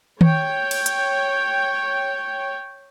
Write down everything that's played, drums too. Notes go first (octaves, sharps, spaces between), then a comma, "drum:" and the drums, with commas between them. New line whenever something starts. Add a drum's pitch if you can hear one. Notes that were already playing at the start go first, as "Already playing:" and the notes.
C#5 G5, drum: tom D#3
drum: cymbal
drum: hi-hat